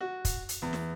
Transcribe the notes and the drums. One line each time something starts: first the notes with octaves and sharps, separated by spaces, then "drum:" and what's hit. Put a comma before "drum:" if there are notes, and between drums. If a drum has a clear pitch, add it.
F#4
drum: kick, hi-hat
drum: hi-hat
E2
drum: snare